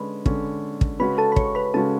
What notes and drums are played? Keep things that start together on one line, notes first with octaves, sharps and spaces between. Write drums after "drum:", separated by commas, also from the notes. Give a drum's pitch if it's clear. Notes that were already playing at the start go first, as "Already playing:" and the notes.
Already playing: D3 G#3 C#4 B4 B5
D3 G#3 C#4, drum: kick
drum: kick
C#3 G#3 C#4 F#4 B4 B5
A4 A5
B5
C#5 C#6, drum: kick
B4 B5
C#3 G#3 C#4 F#4 A4 A5